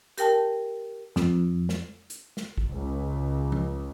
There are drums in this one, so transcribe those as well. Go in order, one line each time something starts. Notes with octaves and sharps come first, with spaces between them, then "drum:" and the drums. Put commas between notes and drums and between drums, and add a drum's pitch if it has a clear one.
G4 A#4 G5 A5, drum: hi-hat
F2, drum: snare
drum: snare
drum: hi-hat
drum: snare
drum: kick G#1
C#2
drum: tom F3